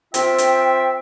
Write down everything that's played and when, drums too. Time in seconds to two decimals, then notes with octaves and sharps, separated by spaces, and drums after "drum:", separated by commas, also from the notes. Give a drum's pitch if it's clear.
0.14 C4 F4 E5 G5, drum: hi-hat
0.38 drum: hi-hat